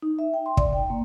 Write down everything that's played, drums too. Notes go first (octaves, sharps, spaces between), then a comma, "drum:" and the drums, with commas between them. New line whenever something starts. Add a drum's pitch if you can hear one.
D#4
E5
G5
C6
D5, drum: kick
G5
A#3